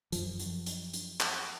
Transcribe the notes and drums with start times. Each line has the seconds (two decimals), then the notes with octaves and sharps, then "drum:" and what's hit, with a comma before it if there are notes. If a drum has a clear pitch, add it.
0.12 F#2 F3, drum: hi-hat
0.39 drum: hi-hat
0.66 drum: hi-hat
0.93 drum: hi-hat
1.20 drum: clap